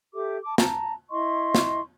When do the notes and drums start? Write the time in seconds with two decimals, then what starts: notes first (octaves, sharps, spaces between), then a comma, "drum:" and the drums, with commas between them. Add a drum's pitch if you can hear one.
0.14 G4 A4 E5 D6
0.45 A5 D6
0.58 A5 A#5, drum: snare
1.10 E4 D#5 C6 C#6
1.55 drum: snare